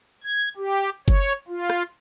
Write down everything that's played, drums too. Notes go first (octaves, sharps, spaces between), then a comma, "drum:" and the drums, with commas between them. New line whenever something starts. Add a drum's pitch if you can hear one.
G#6
G4
C#5, drum: kick F#1
F4
drum: rim click